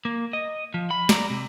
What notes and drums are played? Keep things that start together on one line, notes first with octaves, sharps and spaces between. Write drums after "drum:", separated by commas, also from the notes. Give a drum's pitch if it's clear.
A#3
D#5
F3
B5
D5 A#5, drum: snare
C3